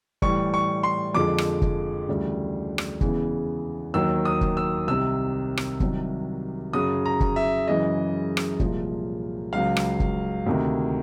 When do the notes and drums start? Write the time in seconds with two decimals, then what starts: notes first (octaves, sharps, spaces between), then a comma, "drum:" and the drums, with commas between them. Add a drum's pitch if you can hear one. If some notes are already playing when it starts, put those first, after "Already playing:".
0.22 A2 E3 G3 C#6, drum: kick
0.54 C#6
0.83 C6
1.14 F2 D3 F3 G#3 D6
1.38 drum: rim click
1.62 drum: kick
2.08 D2 C#3 E3 G3
2.78 drum: rim click
3.01 E2 C#3 E3 G#3, drum: kick
3.94 D#2 D#3 F#3 E6
4.25 D#6
4.41 drum: kick
4.57 E6
4.87 C2 C3 D#3 E6
5.57 drum: rim click
5.80 C2 C3 D#3 F#3, drum: kick
6.73 F#2 C#3 F#3 D#6
7.06 A#5
7.20 drum: kick
7.36 E5
7.68 F#2 C#3 E3 G#3 D#5
8.37 drum: rim click
8.60 C2 A#2 F3 G#3, drum: kick
9.53 C#2 C#3 F#3 F5
9.77 drum: rim click
10.00 drum: kick
10.46 D2 C3 D#3